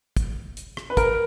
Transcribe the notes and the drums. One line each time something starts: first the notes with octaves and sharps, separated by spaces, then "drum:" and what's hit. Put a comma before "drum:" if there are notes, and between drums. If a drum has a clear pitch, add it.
drum: kick, hi-hat
drum: hi-hat
drum: rim click
B4
A#4, drum: kick, hi-hat